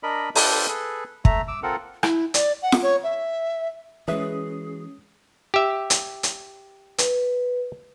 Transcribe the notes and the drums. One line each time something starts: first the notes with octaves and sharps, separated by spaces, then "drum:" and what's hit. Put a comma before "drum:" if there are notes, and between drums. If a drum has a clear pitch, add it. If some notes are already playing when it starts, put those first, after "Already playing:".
D4 A#4 D#5 B5
D4 F4 G4 A4 B4 C5, drum: open hi-hat
G#4 A4 B4
A3 E5 A#5, drum: kick
D6 E6
C4 F4 A4 A#4 F#5
E4, drum: rim click
D5, drum: hi-hat
F#5
drum: snare F4
C#5
E5
E3 G#3 C#4 F#4 G#4 B4 E5 D#6
G4 E5
drum: hi-hat
drum: hi-hat
B4, drum: hi-hat